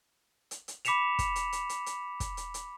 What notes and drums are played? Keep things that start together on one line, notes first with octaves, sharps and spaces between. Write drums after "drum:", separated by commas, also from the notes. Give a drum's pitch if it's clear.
drum: hi-hat
drum: hi-hat
B5 D6 B6 C#7 E7 F7, drum: hi-hat
drum: kick, hi-hat
drum: hi-hat
drum: hi-hat
drum: hi-hat
drum: hi-hat
drum: kick, hi-hat
drum: hi-hat
drum: hi-hat